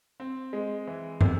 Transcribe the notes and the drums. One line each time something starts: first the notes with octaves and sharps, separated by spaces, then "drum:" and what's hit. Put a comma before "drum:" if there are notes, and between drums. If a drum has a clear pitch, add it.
C4
G#3
E3
C3, drum: tom